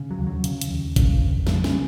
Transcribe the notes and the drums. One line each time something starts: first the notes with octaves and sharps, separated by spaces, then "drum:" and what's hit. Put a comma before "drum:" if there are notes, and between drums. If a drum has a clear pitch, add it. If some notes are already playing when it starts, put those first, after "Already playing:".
Already playing: C#3
F#3
D#2
F#3
C#3, drum: hi-hat
drum: hi-hat
D#2
C#3, drum: kick G#1, hi-hat
F2
C#3 F3, drum: snare
C#4, drum: snare